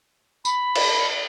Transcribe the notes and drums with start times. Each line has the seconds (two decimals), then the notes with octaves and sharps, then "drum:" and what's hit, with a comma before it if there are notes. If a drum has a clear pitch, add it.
0.45 B5, drum: tambourine
0.75 drum: cymbal